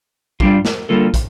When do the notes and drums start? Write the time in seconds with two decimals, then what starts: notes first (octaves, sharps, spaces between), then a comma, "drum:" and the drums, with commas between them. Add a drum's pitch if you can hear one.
0.40 G3 D4 F4, drum: kick
0.65 drum: snare
0.89 D3 G3 A#3 F4 A4
1.14 drum: kick, hi-hat